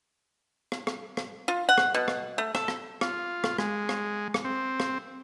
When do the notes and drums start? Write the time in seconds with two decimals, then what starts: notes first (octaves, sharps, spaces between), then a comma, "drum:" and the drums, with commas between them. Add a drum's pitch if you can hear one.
0.72 drum: rim click
0.87 drum: rim click
1.17 drum: rim click
1.48 F4
1.69 F#5
1.78 drum: rim click
1.94 B2
2.08 drum: rim click
2.38 A3
2.55 A4, drum: rim click
2.68 drum: rim click
3.01 F4, drum: rim click
3.44 drum: rim click
3.58 G#3, drum: rim click
3.89 drum: rim click
4.34 drum: rim click
4.45 C4
4.80 drum: rim click